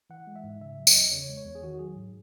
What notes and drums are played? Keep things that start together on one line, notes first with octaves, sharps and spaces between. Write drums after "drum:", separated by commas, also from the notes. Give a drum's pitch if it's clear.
E3 F#5
G#3
E5
G#2
C#3 E5
F#3
D#5, drum: tambourine
E2
C#3 C#5
G#3
C#5
E2
G#4
D#3 F#4
F#3 G#4
G#2